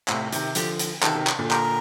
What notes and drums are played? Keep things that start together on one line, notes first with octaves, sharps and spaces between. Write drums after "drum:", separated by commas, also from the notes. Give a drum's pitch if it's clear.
A2 C3, drum: clap
C3 D#3, drum: hi-hat
D3 F3 G4, drum: hi-hat
drum: hi-hat
C3 D#3 A4, drum: clap
C3 D#3
drum: clap
A#2 D3
G4 A#4, drum: clap